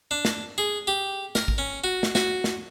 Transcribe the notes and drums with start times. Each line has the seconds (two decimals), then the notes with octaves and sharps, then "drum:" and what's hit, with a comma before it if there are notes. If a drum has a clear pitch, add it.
0.11 D4
0.25 drum: snare
0.58 G#4
0.87 G4
1.35 A#4, drum: snare
1.48 drum: kick
1.58 C#4
1.84 F#4
2.03 drum: snare
2.15 F#4, drum: snare
2.44 drum: snare